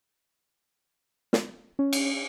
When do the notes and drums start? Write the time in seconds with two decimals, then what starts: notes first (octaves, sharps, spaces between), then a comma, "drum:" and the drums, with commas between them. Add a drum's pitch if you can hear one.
1.33 drum: snare
1.79 C#4
1.93 drum: cymbal